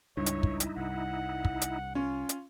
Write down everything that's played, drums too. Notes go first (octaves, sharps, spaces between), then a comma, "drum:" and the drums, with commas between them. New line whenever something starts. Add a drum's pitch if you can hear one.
C#2 G2 D#4 E4 C#5
drum: hi-hat
drum: kick
drum: hi-hat
C2 F#5
drum: kick
drum: hi-hat
C#4 F4
drum: hi-hat